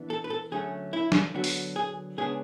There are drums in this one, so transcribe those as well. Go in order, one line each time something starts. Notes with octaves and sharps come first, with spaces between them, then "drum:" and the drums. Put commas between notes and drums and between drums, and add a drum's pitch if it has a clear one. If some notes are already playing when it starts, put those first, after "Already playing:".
Already playing: E3 B3 D4
A4
B4
A4
D3 F#3 A3 C#4 G#4
E4
drum: snare
D3 F#3 B3 D4 F#4
drum: open hi-hat
G#4
C#3 G#3 B3 D4 G#4